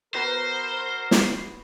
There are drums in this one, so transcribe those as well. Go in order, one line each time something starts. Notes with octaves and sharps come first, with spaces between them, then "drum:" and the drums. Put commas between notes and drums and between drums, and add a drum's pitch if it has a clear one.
B3 F#4 A#4 C5 A#5
drum: snare